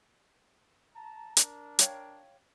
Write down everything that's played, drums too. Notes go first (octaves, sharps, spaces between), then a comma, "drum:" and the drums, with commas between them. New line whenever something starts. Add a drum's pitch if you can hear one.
A5 A#5
D4 A#4, drum: hi-hat
C#5 F5 G5, drum: hi-hat